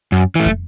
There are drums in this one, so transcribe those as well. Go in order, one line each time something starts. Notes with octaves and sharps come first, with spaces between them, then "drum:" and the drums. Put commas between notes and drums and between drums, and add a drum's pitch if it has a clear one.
F#2
E3 A3
drum: kick